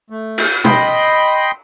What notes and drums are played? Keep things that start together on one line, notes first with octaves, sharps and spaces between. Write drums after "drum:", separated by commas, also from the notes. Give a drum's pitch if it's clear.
A3
drum: cymbal
D#5 G5 B5 C6, drum: tom